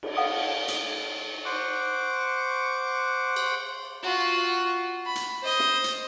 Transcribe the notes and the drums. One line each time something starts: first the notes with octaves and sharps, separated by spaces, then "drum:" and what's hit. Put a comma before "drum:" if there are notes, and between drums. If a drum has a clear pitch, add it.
drum: cymbal
F5 F#5 D#6
drum: hi-hat
C5 F#5 C#6 D6
drum: cymbal
F4 F#4
B5
drum: hi-hat
C5 D#5
drum: snare
drum: hi-hat